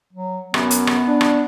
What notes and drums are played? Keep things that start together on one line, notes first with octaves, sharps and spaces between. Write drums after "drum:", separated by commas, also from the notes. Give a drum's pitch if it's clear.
F#3
F#2 B3, drum: rim click
drum: hi-hat
drum: rim click
D4
drum: rim click